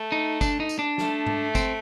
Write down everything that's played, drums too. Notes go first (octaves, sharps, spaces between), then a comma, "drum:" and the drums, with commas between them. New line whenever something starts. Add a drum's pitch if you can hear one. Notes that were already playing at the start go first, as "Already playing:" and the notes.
Already playing: A3
D#4
D4, drum: kick, tambourine
D#4
drum: tambourine
D4
A3, drum: snare
drum: tom G#2
C4, drum: kick, tambourine